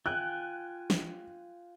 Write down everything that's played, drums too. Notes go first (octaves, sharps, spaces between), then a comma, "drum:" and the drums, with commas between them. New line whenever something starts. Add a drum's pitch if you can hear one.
F4 G5 G#5 F#6
drum: snare